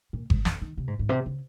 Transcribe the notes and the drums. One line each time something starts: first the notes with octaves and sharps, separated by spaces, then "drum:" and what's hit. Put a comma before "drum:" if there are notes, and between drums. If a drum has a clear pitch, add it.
A#2
G#2, drum: kick G1
F2, drum: snare
D#3
C3
G#2
G#2
C3
C#3